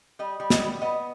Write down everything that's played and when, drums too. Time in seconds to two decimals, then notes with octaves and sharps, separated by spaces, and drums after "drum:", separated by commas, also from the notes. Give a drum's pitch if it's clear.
0.19 G3 D#5
0.40 G3
0.50 D#5, drum: snare
0.61 B3
0.82 B3 D#5